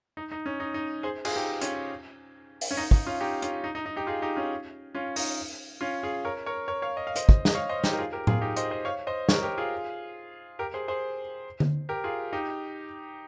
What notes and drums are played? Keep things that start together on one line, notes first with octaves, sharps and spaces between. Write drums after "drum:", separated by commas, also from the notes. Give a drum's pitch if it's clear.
D#4
D#4
C#4
D#4
D#4
G#4 C5
F4 G#4, drum: cymbal
D#4 G4
C#4 F4, drum: hi-hat
drum: open hi-hat
C#4
D#4
D#4, drum: kick
C#4 F4
D#4 G4
C#4 F4, drum: hi-hat
D#4
D#4
D#4
D#4 G4
F4 G#4
D#4 G4
C#4 F4
C#4 F4
D#4, drum: open hi-hat
C#4 F4
F4 G#4
A#4 C#5
A#4 C#5
A#4 C#5
C#5 F5
D#5
F5
C5 D#5, drum: hi-hat
drum: kick
D#5, drum: snare
C#5 F5
C5 D#5
D#4 G4, drum: snare
A#4
F4 G#4
G4 A#4
F4 G#4, drum: tom A2
D#4 G4
C5 D#5, drum: hi-hat
C5 D#5
C#5 F5
C5 D#5
A#4 C#5, drum: snare
G4 A#4
F4 G#4
G4 A#4
G#4 C5
G#4 C5
drum: tom D3
G4 A#4
F4 G#4
D#4 G4